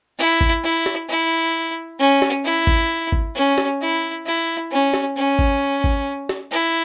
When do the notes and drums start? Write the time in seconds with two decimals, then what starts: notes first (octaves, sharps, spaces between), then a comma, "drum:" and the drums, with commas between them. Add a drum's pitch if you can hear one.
0.18 E4
0.41 drum: kick G#1
0.63 E4
0.86 drum: snare
1.09 E4
1.99 C#4
2.22 drum: snare
2.45 E4
2.67 drum: kick G#1
3.12 drum: kick G#1
3.34 C#4
3.58 drum: snare
3.81 E4
4.26 E4
4.71 C#4
4.94 drum: snare
5.16 C#4
5.39 drum: kick G#1
5.84 drum: kick G#1
6.29 drum: snare
6.51 E4